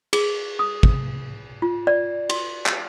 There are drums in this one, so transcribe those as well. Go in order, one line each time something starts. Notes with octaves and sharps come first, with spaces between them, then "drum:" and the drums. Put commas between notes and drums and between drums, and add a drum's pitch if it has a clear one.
G#4, drum: cymbal
D#6
drum: kick
F4
D5
F#4, drum: cymbal
drum: clap